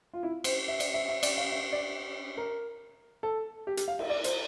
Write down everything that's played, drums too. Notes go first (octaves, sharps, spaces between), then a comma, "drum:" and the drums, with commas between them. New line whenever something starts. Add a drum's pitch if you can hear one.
F4
E4
C5, drum: cymbal
E5
D5, drum: cymbal
E5
E5
D5, drum: cymbal
F5
E5
D5
A#4
A4
G4
G4, drum: hi-hat
F5
E5, drum: cymbal
D5
C5, drum: hi-hat